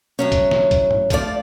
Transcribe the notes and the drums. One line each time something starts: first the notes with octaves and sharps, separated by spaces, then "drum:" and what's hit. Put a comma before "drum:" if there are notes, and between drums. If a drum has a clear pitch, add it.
A2 F#3 C#4
drum: kick B1, hi-hat
drum: snare
drum: kick B1, hi-hat
drum: tom G#2
G2 F3 A3 F4 F#4 D5, drum: kick B1, hi-hat